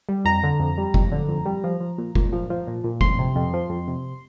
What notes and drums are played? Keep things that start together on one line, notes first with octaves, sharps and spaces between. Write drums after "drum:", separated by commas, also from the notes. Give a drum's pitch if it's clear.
G3
F2 A#5
D3
F2
G3
F2, drum: kick F#1
D3
F2
G3
F3
F3
A#2
A#2, drum: kick F#1
F3
F3
A#2
A#2
F2 C6, drum: kick F#1
C3
F2
F3
F2
C3